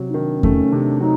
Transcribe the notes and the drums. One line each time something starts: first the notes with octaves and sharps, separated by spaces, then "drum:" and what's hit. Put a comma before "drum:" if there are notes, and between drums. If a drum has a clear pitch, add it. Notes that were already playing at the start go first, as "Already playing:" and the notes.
Already playing: C3 F#3
D#4
D#3 D4
C4
A3 C#4, drum: kick E2
C3 D4
F#3 D#4